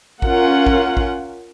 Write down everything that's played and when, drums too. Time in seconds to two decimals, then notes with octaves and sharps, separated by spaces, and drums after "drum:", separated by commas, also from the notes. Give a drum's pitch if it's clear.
0.22 C#4 F4 A#4 F#5, drum: kick A1
0.66 drum: kick A1
0.97 drum: kick A1